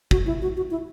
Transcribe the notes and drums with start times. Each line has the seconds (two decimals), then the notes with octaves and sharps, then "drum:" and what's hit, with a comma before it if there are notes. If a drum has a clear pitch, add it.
0.11 F#4, drum: kick
0.26 E4
0.42 F#4
0.57 F#4
0.71 E4